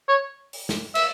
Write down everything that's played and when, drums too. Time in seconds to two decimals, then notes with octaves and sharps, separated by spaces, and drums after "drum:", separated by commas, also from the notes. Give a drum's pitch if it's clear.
0.09 C#5
0.53 drum: open hi-hat
0.69 drum: snare
0.95 E5, drum: cymbal